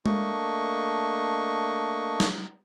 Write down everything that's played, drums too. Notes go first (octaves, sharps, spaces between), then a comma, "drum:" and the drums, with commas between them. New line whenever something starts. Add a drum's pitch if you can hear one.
A3 A#3 D4 D#5 C#6, drum: tom G#3
drum: snare